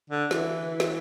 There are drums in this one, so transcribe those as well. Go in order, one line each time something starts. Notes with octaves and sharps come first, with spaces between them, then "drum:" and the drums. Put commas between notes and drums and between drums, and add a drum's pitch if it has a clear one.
D3
E3, drum: snare
drum: snare